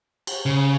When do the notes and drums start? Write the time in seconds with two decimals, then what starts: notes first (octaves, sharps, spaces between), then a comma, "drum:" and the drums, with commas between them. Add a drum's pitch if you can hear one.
0.27 drum: cymbal
0.46 C#3